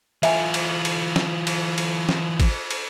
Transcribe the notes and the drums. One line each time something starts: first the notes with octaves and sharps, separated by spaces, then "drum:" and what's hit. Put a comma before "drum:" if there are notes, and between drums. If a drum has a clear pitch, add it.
E3 F4 E5 G5 G#5, drum: cymbal
drum: cymbal
drum: cymbal
drum: snare
drum: cymbal
drum: cymbal
drum: snare
drum: kick G#1, cymbal
drum: cymbal